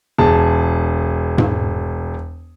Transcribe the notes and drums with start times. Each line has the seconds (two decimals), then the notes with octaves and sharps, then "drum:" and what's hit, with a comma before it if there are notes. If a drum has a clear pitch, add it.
0.18 E1 G#4 A5
1.38 drum: tom G#2